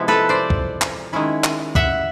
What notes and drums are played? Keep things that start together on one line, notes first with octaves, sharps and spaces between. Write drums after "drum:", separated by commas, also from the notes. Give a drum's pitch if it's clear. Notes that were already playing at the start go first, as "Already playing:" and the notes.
Already playing: C3 F3 G#3 B3 E4
A4 B4
C5 D5
drum: kick
drum: clap
D#3 G#3 C#4 E4
drum: clap
E5 F#5, drum: kick